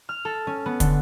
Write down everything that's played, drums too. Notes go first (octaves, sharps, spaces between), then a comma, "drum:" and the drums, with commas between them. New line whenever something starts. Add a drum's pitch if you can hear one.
F6
A4
C#4
B3
D3, drum: kick, hi-hat